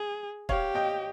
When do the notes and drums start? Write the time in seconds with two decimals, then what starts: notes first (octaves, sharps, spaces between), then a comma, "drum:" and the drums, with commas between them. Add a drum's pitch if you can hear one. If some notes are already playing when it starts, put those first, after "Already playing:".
Already playing: G#4
0.49 G4 C#5 F5, drum: kick
0.75 D#5 G5